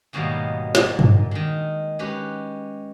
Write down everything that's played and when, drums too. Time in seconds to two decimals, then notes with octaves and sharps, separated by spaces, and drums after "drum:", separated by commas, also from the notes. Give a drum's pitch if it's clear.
0.13 G#2 B2 D#3 F#3 G3 A#3
0.75 A#2, drum: snare
0.99 drum: tom G2
1.31 D#3 G#3
1.99 G#3 C#4 G4 B4